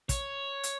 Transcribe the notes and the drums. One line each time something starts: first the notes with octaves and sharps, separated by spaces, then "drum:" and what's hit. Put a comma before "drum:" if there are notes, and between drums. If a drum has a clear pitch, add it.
C#5, drum: kick, hi-hat
drum: hi-hat